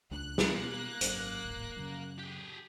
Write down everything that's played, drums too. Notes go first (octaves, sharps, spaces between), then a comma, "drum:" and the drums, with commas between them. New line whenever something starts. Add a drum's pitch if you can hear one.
C#2 A3 D4 F#6
drum: snare
B2 A#3
G#1 F#2, drum: hi-hat
D1 G#1
F#2 C#3
G4 G#4